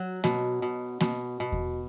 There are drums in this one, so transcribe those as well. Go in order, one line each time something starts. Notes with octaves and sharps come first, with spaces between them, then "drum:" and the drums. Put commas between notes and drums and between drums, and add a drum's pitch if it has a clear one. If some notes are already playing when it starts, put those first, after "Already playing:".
Already playing: F#3
B2, drum: snare A#3
B2
B2, drum: snare A#3
B2
drum: kick E2